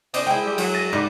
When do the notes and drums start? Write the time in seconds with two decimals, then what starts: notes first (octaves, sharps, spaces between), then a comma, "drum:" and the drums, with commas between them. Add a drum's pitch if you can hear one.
0.14 C#4 C5 D5 D#5, drum: cymbal
0.27 G#3 E4 G5
0.46 G3
0.58 F#3, drum: cymbal
0.74 A6 A#6 D#7
0.93 G#2 G3